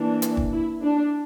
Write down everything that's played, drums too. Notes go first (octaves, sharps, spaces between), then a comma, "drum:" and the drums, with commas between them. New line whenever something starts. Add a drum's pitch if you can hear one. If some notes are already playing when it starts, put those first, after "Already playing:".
Already playing: E3 A#3 D4
drum: hi-hat
drum: kick
E4
D4